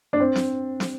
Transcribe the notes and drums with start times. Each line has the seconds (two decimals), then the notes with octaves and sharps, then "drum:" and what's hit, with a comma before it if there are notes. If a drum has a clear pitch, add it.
0.13 D4
0.20 C4
0.35 drum: snare
0.80 drum: snare